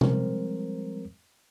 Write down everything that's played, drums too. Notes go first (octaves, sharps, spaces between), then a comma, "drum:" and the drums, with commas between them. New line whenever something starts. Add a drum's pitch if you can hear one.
F3 G3 G#3 C4 A#4 C5, drum: tom C3